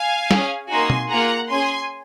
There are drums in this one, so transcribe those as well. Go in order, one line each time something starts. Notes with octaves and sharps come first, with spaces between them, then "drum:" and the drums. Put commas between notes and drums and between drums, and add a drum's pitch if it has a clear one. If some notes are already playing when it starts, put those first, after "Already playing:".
Already playing: F5 G#5
C#4 G#4, drum: snare
A#3 D#4 F#4 G#5 C6
drum: tom
A#3 F4 G#4 F#5 A#5
C#4 G#4 G#5 C6